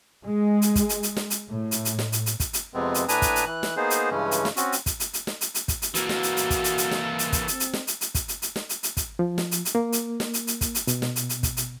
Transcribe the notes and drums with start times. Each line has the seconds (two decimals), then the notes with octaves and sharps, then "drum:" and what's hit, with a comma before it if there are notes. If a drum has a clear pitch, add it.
0.25 G#3
0.62 drum: hi-hat
0.75 drum: kick, hi-hat
0.89 drum: hi-hat
1.03 drum: hi-hat
1.17 drum: snare
1.30 drum: hi-hat
1.50 A2
1.71 drum: hi-hat
1.85 drum: hi-hat
1.99 drum: snare
2.12 drum: hi-hat
2.26 drum: hi-hat
2.40 drum: kick, hi-hat
2.53 drum: hi-hat
2.74 F2 C3 G#3 B3 C4
2.94 drum: hi-hat
3.09 A2 D4 B4 G#5 A#5 D#6, drum: hi-hat
3.22 drum: kick, hi-hat
3.35 drum: hi-hat
3.46 E3 F#6
3.63 drum: snare
3.77 A#3 B3 D#4 G#4 C5
3.90 drum: hi-hat
4.11 G2 C#3 E3 G#3 C#4
4.31 drum: hi-hat
4.45 drum: snare
4.57 C4 C#4 F#4, drum: hi-hat
4.72 drum: hi-hat
4.86 drum: kick, hi-hat
5.00 drum: hi-hat
5.13 drum: hi-hat
5.27 drum: snare
5.41 drum: hi-hat
5.54 drum: hi-hat
5.68 drum: kick, hi-hat
5.82 drum: hi-hat
5.94 E3 A#3 F#4 A4, drum: hi-hat
6.09 drum: snare
6.23 drum: hi-hat
6.37 drum: hi-hat
6.50 drum: kick, hi-hat
6.64 drum: hi-hat
6.78 drum: hi-hat
6.91 drum: snare
7.19 drum: hi-hat
7.32 drum: kick, hi-hat
7.48 C4, drum: hi-hat
7.60 drum: hi-hat
7.73 drum: snare
7.87 drum: hi-hat
8.01 drum: hi-hat
8.15 drum: kick, hi-hat
8.28 drum: hi-hat
8.42 drum: hi-hat
8.56 drum: snare
8.69 drum: hi-hat
8.83 drum: hi-hat
8.97 drum: kick, hi-hat
9.19 F3
9.38 drum: snare
9.51 drum: hi-hat
9.65 drum: hi-hat
9.75 A#3
9.92 drum: hi-hat
10.20 drum: snare
10.34 drum: hi-hat
10.47 drum: hi-hat
10.61 drum: kick, hi-hat
10.75 drum: hi-hat
10.87 B2, drum: hi-hat
11.02 drum: snare
11.16 drum: hi-hat
11.29 drum: hi-hat
11.43 drum: kick, hi-hat
11.57 drum: hi-hat